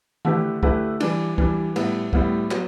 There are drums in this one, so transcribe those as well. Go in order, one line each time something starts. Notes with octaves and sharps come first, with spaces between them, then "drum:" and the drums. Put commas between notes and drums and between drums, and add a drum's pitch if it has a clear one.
D3 A3 E4 G4 B4, drum: tom D#3
D3 A3 E4 G4 B4, drum: kick
E3 G3 D4, drum: cymbal
E3 G3 D4, drum: kick
A2 G3 B3 E4, drum: cymbal
A2 G3 B3 E4, drum: kick
F#3 B3, drum: clap